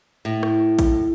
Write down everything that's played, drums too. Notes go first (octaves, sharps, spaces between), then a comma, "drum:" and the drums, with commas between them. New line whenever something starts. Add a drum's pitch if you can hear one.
A2
drum: rim click
drum: kick A1, hi-hat